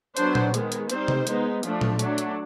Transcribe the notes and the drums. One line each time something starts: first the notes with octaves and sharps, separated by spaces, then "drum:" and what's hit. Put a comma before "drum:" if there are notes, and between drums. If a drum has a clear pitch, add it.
F#3 B3 D4 C5, drum: hi-hat
drum: tom A#2
D#3 G#3 B3, drum: hi-hat
drum: hi-hat
G3 C4 D#4 C5, drum: hi-hat
drum: tom C3
G#3 B3 D#4, drum: hi-hat
F3 A3 D4, drum: hi-hat
drum: tom A#2
F#3 A3 D4, drum: hi-hat
drum: hi-hat